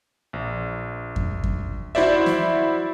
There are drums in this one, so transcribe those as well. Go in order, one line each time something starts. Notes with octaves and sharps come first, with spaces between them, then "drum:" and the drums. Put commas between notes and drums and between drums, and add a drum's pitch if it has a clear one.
A#1
drum: kick F2
drum: kick F2
E4 F#4 C5 D5 E5
drum: snare